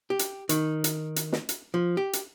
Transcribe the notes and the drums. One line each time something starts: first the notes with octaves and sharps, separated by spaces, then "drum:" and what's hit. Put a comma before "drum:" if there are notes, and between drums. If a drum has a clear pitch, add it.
G4
drum: hi-hat
D#3, drum: hi-hat
drum: hi-hat
drum: hi-hat
drum: snare
drum: hi-hat
F3
G4
drum: hi-hat